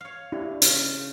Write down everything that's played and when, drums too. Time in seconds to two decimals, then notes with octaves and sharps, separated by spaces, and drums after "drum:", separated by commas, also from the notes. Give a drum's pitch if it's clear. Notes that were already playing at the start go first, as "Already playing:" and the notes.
0.01 C#5 F5
0.32 D4 E4 G4
0.62 C#3, drum: hi-hat